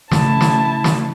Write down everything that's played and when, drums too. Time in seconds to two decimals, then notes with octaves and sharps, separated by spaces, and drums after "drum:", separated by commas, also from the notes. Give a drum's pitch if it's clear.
0.11 C#3 A3 E4 A5, drum: snare
0.41 drum: snare
0.84 drum: snare